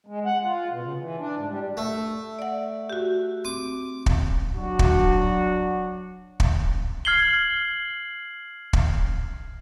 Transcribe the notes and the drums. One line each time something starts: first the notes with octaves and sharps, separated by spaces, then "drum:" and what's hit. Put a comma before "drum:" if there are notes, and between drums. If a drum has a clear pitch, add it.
G#3
F#5
F4
B2
C#3
E3
D4
G#2
G3
A3
D5 F#5
F#4 G4
C4 D6
drum: kick
F#3 D4 F#4
drum: kick
drum: kick
F6 G#6 C7 F#7 G7
drum: kick